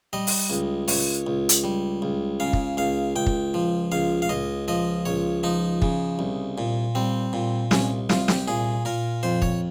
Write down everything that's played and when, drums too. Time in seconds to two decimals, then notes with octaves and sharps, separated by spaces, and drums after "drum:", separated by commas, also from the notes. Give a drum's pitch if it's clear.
0.13 G3 D#5
0.27 drum: open hi-hat
0.50 C#2
0.88 C#2 C#5, drum: open hi-hat
1.27 C#2
1.49 drum: hi-hat
1.64 G3
2.02 C#2
2.40 C#3 F5
2.53 drum: kick
2.77 C#2 F5
3.16 C#2 G5
3.26 drum: kick
3.54 F3
3.92 C#2 F5
4.22 F5
4.29 C#2 D#5
4.68 F3 D#5
5.05 C#2 C#5
5.43 F3 D#4
5.82 C#3, drum: kick
6.19 C2
6.58 A#2
6.95 G3 C4
7.33 A#2
7.71 C2 C#4, drum: snare
8.09 C2 F4, drum: snare
8.28 G4, drum: snare
8.48 A#2 G#4
8.85 A#2 A#4
9.23 F2 C5
9.42 C#5, drum: kick